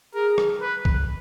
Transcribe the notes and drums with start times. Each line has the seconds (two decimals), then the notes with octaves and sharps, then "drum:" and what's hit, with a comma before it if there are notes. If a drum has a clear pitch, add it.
0.14 G#4 A#4
0.38 drum: rim click
0.61 B4
0.85 drum: kick